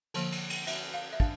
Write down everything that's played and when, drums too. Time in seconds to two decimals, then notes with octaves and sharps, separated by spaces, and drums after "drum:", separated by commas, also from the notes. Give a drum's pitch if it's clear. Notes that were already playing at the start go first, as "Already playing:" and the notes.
0.14 D3 F3 A#3, drum: cymbal
0.32 drum: cymbal
0.50 drum: cymbal
0.67 E5, drum: cymbal
0.94 F5
1.13 E5
1.20 D4 F5, drum: kick